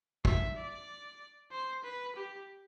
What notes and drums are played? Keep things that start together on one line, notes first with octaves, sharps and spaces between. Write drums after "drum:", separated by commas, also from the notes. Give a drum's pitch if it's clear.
E5, drum: kick
D5
C5
B4
G4